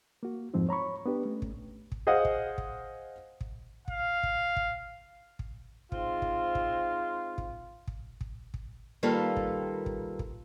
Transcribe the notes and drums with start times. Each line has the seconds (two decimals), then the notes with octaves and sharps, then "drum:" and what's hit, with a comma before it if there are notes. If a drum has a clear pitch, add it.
0.23 A#3 F#4
0.54 F2 G#2 F3 C4 D#4
0.69 C#5 A#5 B5 C#6
1.06 B3 D4 G4 B4
1.25 A3 C#4
1.42 drum: kick
1.92 drum: kick
2.07 G#4 C5 D#5 F5 F#5
2.25 drum: kick
2.58 drum: kick
3.41 drum: kick
3.88 F5, drum: kick
4.23 drum: kick
4.56 drum: kick
5.39 drum: kick
5.92 G#2 C4 F4, drum: kick
6.22 drum: kick
6.55 drum: kick
7.38 drum: kick
7.88 drum: kick
8.21 drum: kick
8.54 drum: kick
9.03 D#3 G3 A#3 F4 A4 B4
9.37 drum: kick
9.86 drum: kick
10.19 drum: kick